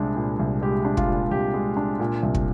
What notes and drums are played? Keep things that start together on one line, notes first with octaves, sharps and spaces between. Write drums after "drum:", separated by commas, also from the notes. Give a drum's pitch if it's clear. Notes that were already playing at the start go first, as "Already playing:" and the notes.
Already playing: C2 A#2 G#3 D4
A#2
C2
G#3 G4
D4
F4, drum: kick
A#2
C2 G4
G#3
D4
A#2
C2
drum: kick